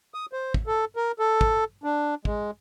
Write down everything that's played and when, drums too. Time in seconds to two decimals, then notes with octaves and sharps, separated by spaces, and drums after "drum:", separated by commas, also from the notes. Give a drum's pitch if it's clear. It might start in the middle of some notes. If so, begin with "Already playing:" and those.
0.14 D#6
0.33 C5
0.54 drum: kick
0.67 A4
0.96 A#4
1.19 A4
1.41 drum: kick
1.84 D4
2.25 G#3, drum: kick